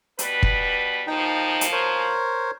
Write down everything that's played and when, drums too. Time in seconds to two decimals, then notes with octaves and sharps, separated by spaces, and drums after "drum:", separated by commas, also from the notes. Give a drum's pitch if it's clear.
0.19 B2 G3 B4, drum: hi-hat
0.43 drum: kick
1.07 D#2 B2 F3 D#4 G5
1.61 drum: hi-hat
1.72 A#4 C5 C#5